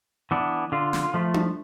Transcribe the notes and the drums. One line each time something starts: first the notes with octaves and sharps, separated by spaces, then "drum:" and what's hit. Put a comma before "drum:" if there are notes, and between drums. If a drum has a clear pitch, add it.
E3 B3 D4
D3 F4
drum: snare
F3 A3
drum: tom D4